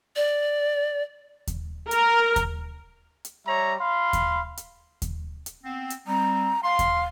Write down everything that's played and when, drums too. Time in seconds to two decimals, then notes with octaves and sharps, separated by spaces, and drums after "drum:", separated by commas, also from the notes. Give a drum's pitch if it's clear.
0.16 D5
1.47 drum: kick D#2, hi-hat
1.91 A#4, drum: hi-hat
2.36 drum: kick D#2, hi-hat
3.25 drum: hi-hat
3.47 G3 C#5 E5 A#5
3.79 F5 B5 C6
4.13 drum: kick D#2, hi-hat
4.57 drum: hi-hat
5.02 drum: kick D#2, hi-hat
5.46 drum: hi-hat
5.64 B3 C4
5.90 drum: hi-hat
6.07 G3 C4 A#5
6.64 F5 C6
6.79 drum: kick D#2, hi-hat